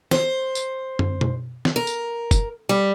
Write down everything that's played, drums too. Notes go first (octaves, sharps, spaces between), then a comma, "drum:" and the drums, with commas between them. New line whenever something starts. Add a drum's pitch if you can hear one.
C5, drum: snare
drum: tambourine
drum: tom
drum: tom B2
drum: snare
A#4
drum: tambourine
drum: kick F#1, tambourine
G3